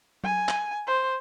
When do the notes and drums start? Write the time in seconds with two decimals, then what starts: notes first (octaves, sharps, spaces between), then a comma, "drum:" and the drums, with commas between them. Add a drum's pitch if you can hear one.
0.24 G#5, drum: tom F#3
0.49 drum: clap
0.87 C5